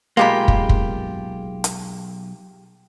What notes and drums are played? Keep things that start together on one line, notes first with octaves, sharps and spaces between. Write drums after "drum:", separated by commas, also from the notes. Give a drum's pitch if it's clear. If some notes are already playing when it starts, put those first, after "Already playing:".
B1 G#3 A#3 F4 G4 B5
drum: kick
drum: kick
drum: hi-hat